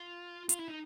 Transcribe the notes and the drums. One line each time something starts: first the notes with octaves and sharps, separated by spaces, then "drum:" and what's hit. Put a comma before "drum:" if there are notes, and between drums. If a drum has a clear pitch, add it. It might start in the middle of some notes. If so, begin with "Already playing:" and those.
Already playing: F4
F4, drum: hi-hat
E4
D#4